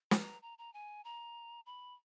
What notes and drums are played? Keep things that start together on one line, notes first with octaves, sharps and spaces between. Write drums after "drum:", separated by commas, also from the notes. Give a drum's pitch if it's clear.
A#5, drum: snare
A#5
A#5
G#5
A#5
B5